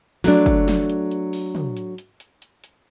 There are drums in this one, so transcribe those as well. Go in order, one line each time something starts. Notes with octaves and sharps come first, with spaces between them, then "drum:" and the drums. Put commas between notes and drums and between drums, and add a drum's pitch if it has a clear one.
F#3 A3 D4, drum: snare
drum: kick, hi-hat
drum: snare
drum: hi-hat
drum: hi-hat
drum: open hi-hat
drum: tom
drum: hi-hat
drum: hi-hat
drum: hi-hat
drum: hi-hat
drum: hi-hat